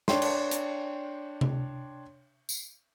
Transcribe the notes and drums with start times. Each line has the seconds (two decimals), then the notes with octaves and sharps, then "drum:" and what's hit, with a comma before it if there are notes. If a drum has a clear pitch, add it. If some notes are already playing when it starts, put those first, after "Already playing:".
0.08 D4 C#5 G5 C6, drum: snare
0.22 drum: cymbal
0.51 drum: hi-hat
1.41 drum: tom C3
2.49 drum: tambourine